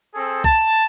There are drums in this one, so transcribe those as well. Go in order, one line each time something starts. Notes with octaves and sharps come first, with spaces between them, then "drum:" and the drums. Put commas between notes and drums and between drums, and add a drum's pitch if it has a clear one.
C4 G#4 A4
A5, drum: kick